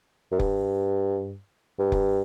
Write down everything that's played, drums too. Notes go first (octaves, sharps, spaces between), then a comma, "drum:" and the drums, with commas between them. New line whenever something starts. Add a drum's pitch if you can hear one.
F#2
G2, drum: kick F1
G2
drum: kick F1